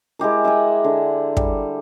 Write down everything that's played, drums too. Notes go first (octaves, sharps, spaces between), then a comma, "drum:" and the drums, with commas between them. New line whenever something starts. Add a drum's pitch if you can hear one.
G#3 E4 G4 A#4
E5 F#5 G#5 A#5
D3
G3, drum: kick